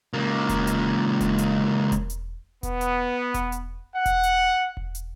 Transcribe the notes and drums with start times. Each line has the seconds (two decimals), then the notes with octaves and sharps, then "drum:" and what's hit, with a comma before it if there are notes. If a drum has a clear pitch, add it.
0.14 C#2 A#3
0.49 drum: kick E1, hi-hat
0.67 drum: hi-hat
1.21 drum: kick E1, hi-hat
1.38 drum: hi-hat
1.92 drum: kick E1, hi-hat
2.10 drum: hi-hat
2.63 B3, drum: kick E1, hi-hat
2.81 drum: hi-hat
3.34 drum: kick E1, hi-hat
3.52 drum: hi-hat
3.96 F#5
4.06 drum: kick E1, hi-hat
4.23 drum: hi-hat
4.77 drum: kick E1
4.95 drum: hi-hat